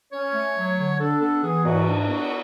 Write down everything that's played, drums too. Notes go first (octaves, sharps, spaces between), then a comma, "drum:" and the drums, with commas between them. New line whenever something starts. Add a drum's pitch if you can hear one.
C#4 C#5
A3
F#3
D3
D4 A4
B3 A4
E3 G#4
G#2 F#4, drum: cymbal
D4
B3 F#4